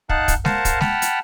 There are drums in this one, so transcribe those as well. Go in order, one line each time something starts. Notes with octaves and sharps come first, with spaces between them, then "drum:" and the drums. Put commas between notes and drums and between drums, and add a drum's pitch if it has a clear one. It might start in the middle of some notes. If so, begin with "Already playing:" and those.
D#4 F5 F#5 A5 F#6, drum: kick
drum: kick, hi-hat
A#4 C5 F5 F#5 A5, drum: snare G#3
drum: kick, hi-hat
F#5 G5 A5 B5 F6, drum: snare G#3
drum: hi-hat